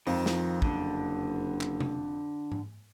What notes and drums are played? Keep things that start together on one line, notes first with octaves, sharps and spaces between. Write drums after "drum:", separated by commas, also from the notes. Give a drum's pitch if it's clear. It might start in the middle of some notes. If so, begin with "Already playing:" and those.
F2 D#3 F3, drum: open hi-hat
drum: snare
F#1 D3, drum: kick
drum: clap
drum: tom C3
drum: tom G#2